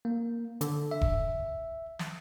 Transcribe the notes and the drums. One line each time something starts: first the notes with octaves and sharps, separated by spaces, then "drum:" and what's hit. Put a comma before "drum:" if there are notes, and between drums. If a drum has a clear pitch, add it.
A#3
D3, drum: hi-hat
E5
drum: kick E1
drum: snare